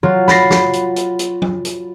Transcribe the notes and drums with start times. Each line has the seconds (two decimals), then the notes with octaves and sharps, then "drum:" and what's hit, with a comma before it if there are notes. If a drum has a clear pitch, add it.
0.03 F#3 F4
0.28 B5 A6 A#6 C7, drum: snare
0.51 drum: snare
0.73 drum: hi-hat
0.96 drum: hi-hat
1.19 drum: hi-hat
1.42 drum: tom F#3
1.65 drum: hi-hat